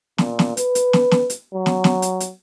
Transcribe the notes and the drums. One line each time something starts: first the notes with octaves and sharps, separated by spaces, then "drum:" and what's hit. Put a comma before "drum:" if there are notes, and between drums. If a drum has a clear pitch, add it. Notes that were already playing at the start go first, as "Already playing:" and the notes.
A#2, drum: snare
drum: snare
B4, drum: hi-hat
drum: hi-hat
drum: snare
drum: snare
drum: hi-hat
F#3
drum: snare
drum: snare
drum: hi-hat
drum: hi-hat